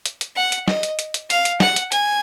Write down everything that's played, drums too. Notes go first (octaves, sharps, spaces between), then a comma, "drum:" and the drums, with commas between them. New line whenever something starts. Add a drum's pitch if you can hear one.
drum: hi-hat
drum: hi-hat
F#5
drum: hi-hat
D#5, drum: snare
drum: hi-hat
drum: hi-hat
drum: hi-hat
F5, drum: hi-hat
drum: hi-hat
F#5, drum: snare
drum: hi-hat
G#5, drum: hi-hat